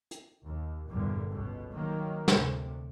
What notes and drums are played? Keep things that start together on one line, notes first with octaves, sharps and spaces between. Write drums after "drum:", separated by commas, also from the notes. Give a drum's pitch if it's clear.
drum: hi-hat
D#2
A#1 E2 G2 A#2 D3 G3
G1 C#2 B2
D#3 F#3 A#3
D2 C3, drum: snare